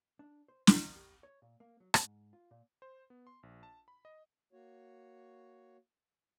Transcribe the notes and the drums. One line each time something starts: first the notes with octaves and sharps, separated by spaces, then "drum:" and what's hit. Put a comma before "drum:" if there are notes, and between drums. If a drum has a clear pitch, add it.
D4
C5
E4, drum: snare
G4
C#5
A#2
A#3
F#3
G#2, drum: rim click
F4
A#2
C5
B3
C6
A#1
A5
B5
D#5
A#3 F#4 C#5